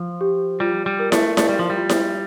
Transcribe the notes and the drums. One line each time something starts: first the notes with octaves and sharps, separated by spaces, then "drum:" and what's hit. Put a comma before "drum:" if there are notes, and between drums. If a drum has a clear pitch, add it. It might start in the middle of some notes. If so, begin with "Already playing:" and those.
Already playing: F3
G4
G3 F4
G3
A#4
A3, drum: snare E4
A3 D5, drum: snare E4
G3
F3
G3
F4
drum: snare E4